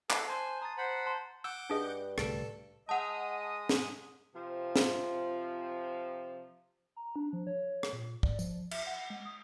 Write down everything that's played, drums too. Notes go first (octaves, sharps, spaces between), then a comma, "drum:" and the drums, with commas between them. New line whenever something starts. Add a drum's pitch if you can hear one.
A4 F#6 C7, drum: clap
C5 G#5 A5 C6
A#5 D#6 A6
C5 F#5 B5
A5 C6
F#5 D6 E6 G6
G2 D4 G#4 D#5
C2 A2 D3 A4 A6 D7, drum: rim click
G#3 D#5 F#5 A5 D#6
drum: snare
C3 F3
drum: snare
A#5
D4
F3
C#5
drum: rim click
A#2
D5, drum: kick
F3, drum: tambourine
E5, drum: cymbal
F#5
G#3
D#6